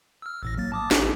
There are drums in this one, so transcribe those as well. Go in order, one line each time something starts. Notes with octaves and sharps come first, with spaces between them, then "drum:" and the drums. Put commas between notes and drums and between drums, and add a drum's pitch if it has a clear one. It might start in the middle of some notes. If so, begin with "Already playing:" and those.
E6 F6
A1 A2 A#6
F#3 A#3 A6
A5 D6 D#6
A1 D#4 G4, drum: snare